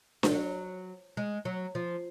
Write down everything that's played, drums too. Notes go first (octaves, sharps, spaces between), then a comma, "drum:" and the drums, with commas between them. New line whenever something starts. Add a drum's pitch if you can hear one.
F3, drum: snare D4
F#3
G#3
F#3
F3